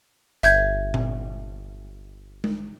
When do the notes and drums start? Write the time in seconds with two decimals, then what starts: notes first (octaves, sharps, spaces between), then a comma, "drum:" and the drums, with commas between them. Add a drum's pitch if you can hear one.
0.43 G1 E5 G6 G#6, drum: hi-hat
0.94 drum: tom A#2
2.44 drum: tom G#3